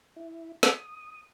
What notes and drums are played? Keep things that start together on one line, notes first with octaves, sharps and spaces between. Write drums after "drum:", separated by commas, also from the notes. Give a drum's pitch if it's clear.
E4
D#6, drum: snare